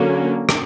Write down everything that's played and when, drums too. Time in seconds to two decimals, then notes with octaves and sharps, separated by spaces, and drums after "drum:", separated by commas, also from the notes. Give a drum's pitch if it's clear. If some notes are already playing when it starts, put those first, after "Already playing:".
Already playing: D3 F#3 A#3 C#4
0.49 drum: rim click